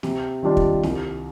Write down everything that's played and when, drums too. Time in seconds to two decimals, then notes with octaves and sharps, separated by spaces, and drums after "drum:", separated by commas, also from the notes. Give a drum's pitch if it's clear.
0.03 C3, drum: snare
0.43 D#3 G3 D4 F4
0.57 drum: kick
0.83 C2, drum: snare